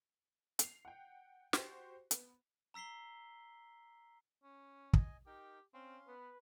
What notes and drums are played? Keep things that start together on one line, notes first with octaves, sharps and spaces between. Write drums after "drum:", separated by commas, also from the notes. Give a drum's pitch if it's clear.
C7 F7, drum: hi-hat
F#5 G5
F#4 G4 C5, drum: snare
B3, drum: hi-hat
A#5 E6 B6 C7 G7
C#4
D#5 G#5, drum: kick
D#4 G4 A#4 G5
C4 C#4 F5 C6
B3 B4